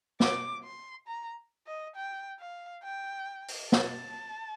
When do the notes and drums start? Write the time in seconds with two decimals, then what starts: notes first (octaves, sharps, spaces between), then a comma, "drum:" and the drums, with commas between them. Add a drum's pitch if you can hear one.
0.20 D6, drum: snare
0.64 C6
1.07 A#5
1.67 D#5
1.96 G5
2.39 F5
2.84 G5
3.48 drum: open hi-hat
3.72 A5, drum: snare